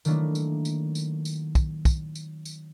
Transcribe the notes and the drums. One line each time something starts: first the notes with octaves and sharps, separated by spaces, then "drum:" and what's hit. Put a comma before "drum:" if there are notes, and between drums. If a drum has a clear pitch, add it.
D#3 F#3 A3 A#3 D4 E4, drum: tambourine
drum: tambourine
drum: tambourine
drum: tambourine
drum: tambourine
drum: kick, tambourine
drum: kick, tambourine
drum: tambourine
drum: tambourine